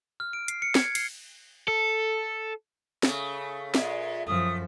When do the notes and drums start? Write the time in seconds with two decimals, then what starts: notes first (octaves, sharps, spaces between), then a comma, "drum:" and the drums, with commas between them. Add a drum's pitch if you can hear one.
0.20 F6
0.33 D7
0.48 C7, drum: hi-hat
0.62 C#7
0.75 G#6, drum: snare
0.95 C7, drum: cymbal
1.68 A4
3.03 C#3 A3, drum: snare
3.75 A#2 G#3 E5, drum: snare
4.27 F#2 F3 A3 D#6